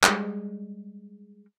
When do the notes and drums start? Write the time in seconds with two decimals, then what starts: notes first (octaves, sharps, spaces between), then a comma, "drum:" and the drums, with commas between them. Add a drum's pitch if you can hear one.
0.03 G3 G#3, drum: clap